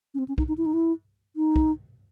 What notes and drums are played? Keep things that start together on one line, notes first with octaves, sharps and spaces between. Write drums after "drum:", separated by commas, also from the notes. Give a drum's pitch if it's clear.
C#4
C4
C#4
D#4, drum: kick
D#4
E4
D#4
E4
D#4
drum: kick